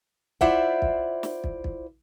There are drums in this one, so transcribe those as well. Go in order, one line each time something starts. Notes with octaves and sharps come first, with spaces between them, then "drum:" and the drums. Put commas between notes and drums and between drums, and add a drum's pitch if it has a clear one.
E4 F4 C5 D5 E5 F#5, drum: kick
drum: kick
drum: snare
drum: kick
drum: kick